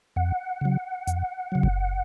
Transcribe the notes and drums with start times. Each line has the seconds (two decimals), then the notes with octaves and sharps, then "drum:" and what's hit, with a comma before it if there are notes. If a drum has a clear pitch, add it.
0.16 F2 F#5
0.61 C#3 F#3
1.07 F2, drum: hi-hat
1.52 C#3 F#3
1.63 drum: kick F#1